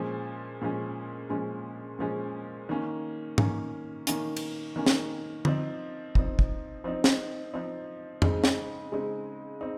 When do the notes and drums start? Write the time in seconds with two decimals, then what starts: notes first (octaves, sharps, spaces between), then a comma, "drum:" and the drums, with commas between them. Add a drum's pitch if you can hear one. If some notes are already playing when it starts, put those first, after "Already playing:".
Already playing: A#2 F3 G#3 C#4
0.62 A#2 F3 G#3 C#4
1.30 A#2 F3 G#3 C#4
1.99 A#2 F3 G#3 C#4
2.69 D#3 A#3 C#4
3.38 D#3 A#3 C#4, drum: tom
4.07 D#3 A#3 C#4, drum: hi-hat
4.37 drum: cymbal
4.76 D#3 A#3 C#4
4.86 drum: snare
5.45 F3 C4 D#4, drum: tom
6.15 F3 C4 D#4, drum: kick
6.39 drum: kick
6.84 F3 C4 D#4
7.04 drum: snare
7.53 F3 C4 D#4
8.22 C#3 G#3 C4 D#4, drum: tom
8.44 drum: snare
8.92 C#3 G#3 C4 D#4
9.61 C4 D#4